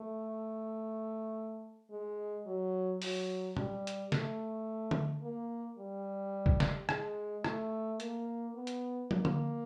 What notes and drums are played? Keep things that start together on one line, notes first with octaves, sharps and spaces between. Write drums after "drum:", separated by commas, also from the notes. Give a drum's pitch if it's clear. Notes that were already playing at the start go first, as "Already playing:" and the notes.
Already playing: A3
G#3
F#3
F#3, drum: open hi-hat
G3, drum: tom A#2
drum: hi-hat
A3, drum: snare
drum: tom D3
A#3
G3
drum: kick
drum: snare
G#3, drum: rim click
A3, drum: rim click
A#3, drum: hi-hat
B3
drum: hi-hat
A#3, drum: tom
drum: tom D3